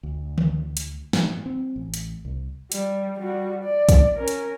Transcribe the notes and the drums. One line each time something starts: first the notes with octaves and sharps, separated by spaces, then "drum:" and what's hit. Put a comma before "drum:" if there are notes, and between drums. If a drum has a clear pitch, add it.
D2
drum: tom D3
drum: hi-hat
G#2, drum: snare
C4
A1
drum: hi-hat
C2
G3, drum: hi-hat
G3 F#4
D5
drum: kick, hi-hat
C#4 A#4
drum: hi-hat